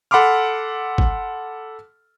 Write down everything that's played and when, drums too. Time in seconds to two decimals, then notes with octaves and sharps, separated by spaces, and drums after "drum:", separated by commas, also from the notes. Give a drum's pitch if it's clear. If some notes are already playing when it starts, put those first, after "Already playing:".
0.11 A4 F#5 B5 C6 D6 F6
0.98 drum: kick G#1